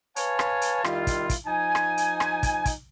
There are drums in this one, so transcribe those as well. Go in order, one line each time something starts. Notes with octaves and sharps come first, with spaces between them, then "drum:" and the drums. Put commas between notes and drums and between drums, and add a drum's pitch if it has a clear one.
B4 C#5 F5 G#5 A5, drum: hi-hat
drum: rim click
drum: hi-hat
D#3 G3 E4 F4, drum: rim click
drum: kick, hi-hat
drum: kick, hi-hat
F3 D#4 G#5
drum: rim click
drum: hi-hat
drum: rim click
drum: kick, hi-hat
drum: kick, hi-hat